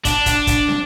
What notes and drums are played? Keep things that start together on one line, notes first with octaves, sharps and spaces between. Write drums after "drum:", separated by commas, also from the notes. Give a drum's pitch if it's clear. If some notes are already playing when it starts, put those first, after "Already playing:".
D4, drum: kick, hi-hat
drum: kick, hi-hat
drum: kick, hi-hat
drum: snare